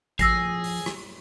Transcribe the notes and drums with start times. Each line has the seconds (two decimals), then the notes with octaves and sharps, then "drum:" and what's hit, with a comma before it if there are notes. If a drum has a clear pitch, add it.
0.19 F3 G#4 E6 A#6 C7, drum: kick A1, hi-hat
0.64 drum: open hi-hat
0.86 drum: rim click